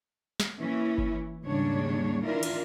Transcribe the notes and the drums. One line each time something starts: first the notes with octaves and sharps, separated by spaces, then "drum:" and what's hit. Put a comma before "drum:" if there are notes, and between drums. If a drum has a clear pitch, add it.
drum: snare
E3 A#3 C#4 E4
drum: kick G1
D#2 G#2 C#3 G3 D4 C#5
D#3 E3 D4 E4 F4 A#4
drum: cymbal